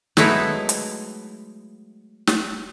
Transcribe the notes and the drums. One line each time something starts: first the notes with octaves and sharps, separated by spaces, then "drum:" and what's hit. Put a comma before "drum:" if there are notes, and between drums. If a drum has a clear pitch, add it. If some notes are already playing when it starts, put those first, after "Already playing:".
F#3 G#3 A3 B3 D#4 E4, drum: snare
drum: hi-hat
drum: snare